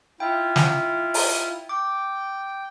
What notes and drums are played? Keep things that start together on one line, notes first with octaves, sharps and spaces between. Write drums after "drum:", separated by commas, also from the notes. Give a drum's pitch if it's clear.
E4 F4 G5
drum: snare
drum: open hi-hat
G5 D6